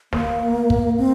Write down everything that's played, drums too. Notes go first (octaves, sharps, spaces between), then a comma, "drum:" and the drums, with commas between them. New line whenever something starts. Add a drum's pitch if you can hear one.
A#3, drum: snare
drum: kick
C4